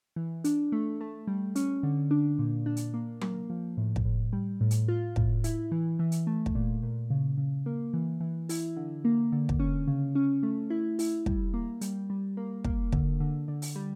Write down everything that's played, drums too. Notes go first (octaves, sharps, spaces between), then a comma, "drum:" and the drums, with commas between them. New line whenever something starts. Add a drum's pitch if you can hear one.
E3
D4, drum: hi-hat
A3
A3
G3
C#4, drum: hi-hat
D3
D4
A#2
D4
drum: hi-hat
A#3
A#3, drum: tom F#3
F3
A2
drum: kick
A2
G3
A2
drum: hi-hat
F4
A2, drum: kick
E4, drum: hi-hat
E3
E3
drum: hi-hat
A3
drum: kick
A#2
A#2
C#3
C#3
A#3
E3
E3
E4, drum: open hi-hat
D3
A#3
D3
drum: kick
C#4
C#3
C#4
A3
E4
E4, drum: open hi-hat
G3, drum: kick
A#3
G3, drum: hi-hat
G3
A#3
A#3, drum: kick
D3, drum: kick
D3
D3
drum: open hi-hat
G3